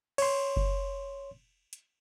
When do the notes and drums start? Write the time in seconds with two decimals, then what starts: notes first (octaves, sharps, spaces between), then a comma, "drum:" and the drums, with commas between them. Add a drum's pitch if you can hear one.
0.18 C#5 C6, drum: cymbal
0.57 drum: kick F#1
1.73 drum: hi-hat